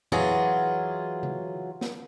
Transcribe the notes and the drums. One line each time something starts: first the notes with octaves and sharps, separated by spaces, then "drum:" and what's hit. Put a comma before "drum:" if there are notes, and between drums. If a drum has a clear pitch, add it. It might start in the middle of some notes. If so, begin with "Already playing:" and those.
E3 F#3 F4 G#4, drum: tom F2
drum: tom C#3
drum: snare